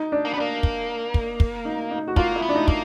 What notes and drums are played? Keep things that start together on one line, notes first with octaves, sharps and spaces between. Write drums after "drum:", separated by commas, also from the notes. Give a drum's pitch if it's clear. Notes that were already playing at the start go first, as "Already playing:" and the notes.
Already playing: D#4
D4
A#3
B3
A#3 D4
drum: kick
drum: kick
drum: kick
D#4
D#4
F#4
A#3 F4, drum: kick
E4
B3
D4
D#4
A#3, drum: kick